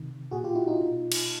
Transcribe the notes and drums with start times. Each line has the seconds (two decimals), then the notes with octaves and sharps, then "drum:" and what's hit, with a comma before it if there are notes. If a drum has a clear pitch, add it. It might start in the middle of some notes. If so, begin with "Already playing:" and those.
Already playing: C3 D#3
0.31 A#2 F#4 G#4
0.44 F4 G4
0.55 E4 F#4
0.67 D#4 F4
0.80 B2
1.12 drum: cymbal